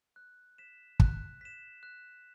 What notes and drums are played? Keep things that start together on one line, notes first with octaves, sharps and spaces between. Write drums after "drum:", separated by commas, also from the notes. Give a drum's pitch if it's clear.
F#6
B6 E7
F#6, drum: kick
B6 E7
F#6